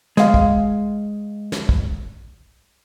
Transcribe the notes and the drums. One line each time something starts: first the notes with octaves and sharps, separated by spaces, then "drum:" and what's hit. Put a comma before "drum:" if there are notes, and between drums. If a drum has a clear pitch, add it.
G#3 F5, drum: snare
drum: kick
drum: snare
drum: kick